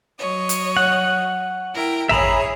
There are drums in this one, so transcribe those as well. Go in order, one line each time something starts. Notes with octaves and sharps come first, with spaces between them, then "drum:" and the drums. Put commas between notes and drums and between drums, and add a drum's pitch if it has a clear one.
F#3 C#5 D#5
drum: hi-hat
F#5
E4 A#4 G5
G#4 C#5 E5 A#5 B5, drum: tom A1